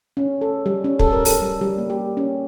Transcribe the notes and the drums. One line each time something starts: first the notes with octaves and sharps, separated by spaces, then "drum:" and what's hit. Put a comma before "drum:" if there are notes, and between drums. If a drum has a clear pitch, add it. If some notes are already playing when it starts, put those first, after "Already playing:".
C#4
A4
G3
C#4
A4, drum: kick
A#4
A4, drum: open hi-hat
G3
G3
A#3
G4
C#4